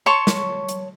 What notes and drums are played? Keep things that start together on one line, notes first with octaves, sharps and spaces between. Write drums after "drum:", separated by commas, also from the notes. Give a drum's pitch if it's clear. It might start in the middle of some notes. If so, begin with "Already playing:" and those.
C#5 A5 C6 C#6
drum: snare
drum: hi-hat